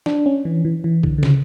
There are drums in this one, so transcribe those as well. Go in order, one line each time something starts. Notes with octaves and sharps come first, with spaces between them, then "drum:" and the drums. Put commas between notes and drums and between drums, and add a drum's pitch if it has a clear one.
D4, drum: snare
C#4
E3
E3
E3
D3, drum: kick B1
D3
C#3, drum: snare